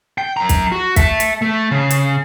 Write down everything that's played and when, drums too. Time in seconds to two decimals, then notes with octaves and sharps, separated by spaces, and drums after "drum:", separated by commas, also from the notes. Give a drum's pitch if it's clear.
0.18 G5
0.37 F#2 A#5
0.49 drum: kick, hi-hat
0.72 F#4
0.96 E5 A5, drum: kick, hi-hat
1.20 drum: hi-hat
1.42 A3
1.71 C#3
1.90 drum: hi-hat